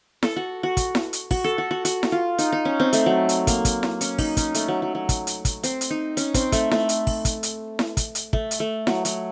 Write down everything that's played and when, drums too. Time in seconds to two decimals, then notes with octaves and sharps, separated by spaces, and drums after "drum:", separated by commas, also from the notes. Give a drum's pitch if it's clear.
0.23 A4, drum: snare E4
0.36 F#4
0.63 F#4
0.77 drum: kick, hi-hat
0.95 drum: snare E4
1.13 drum: hi-hat
1.31 F#4, drum: kick, open hi-hat
1.44 A4
1.58 F#4
1.71 F#4
1.85 F#4, drum: hi-hat
2.03 drum: snare E4
2.12 F4
2.38 D#4, drum: hi-hat
2.52 D#4
2.65 C#4
2.80 C4
2.93 A3, drum: hi-hat
3.06 F#3
3.29 drum: hi-hat
3.47 A#3, drum: kick, hi-hat
3.65 drum: kick, hi-hat
3.83 drum: snare E4
4.01 C#4, drum: hi-hat
4.19 D#4, drum: kick, open hi-hat
4.37 C#4, drum: kick, hi-hat
4.55 A3, drum: hi-hat
4.68 F#3
4.82 F#3
4.95 F#3
5.09 drum: kick, hi-hat
5.27 drum: hi-hat
5.45 drum: kick, hi-hat
5.63 C4, drum: hi-hat
5.81 drum: hi-hat
5.90 D#4
6.17 C#4, drum: hi-hat
6.34 C4, drum: kick, hi-hat
6.52 A3, drum: kick, hi-hat
6.71 A3, drum: snare E4
6.89 drum: hi-hat
7.07 drum: kick, open hi-hat
7.25 drum: kick, hi-hat
7.43 drum: hi-hat
7.79 drum: snare E4
7.97 drum: kick, hi-hat
8.15 drum: hi-hat
8.33 A3, drum: kick
8.51 drum: hi-hat
8.60 A3
8.87 F#3, drum: snare E4
9.05 F#3, drum: hi-hat